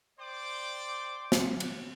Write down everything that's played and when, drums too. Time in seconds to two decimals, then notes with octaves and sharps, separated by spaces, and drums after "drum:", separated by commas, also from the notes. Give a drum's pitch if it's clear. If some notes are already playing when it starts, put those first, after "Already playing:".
0.20 C5 D5 G5 C6 D6
1.32 drum: snare
1.60 drum: cymbal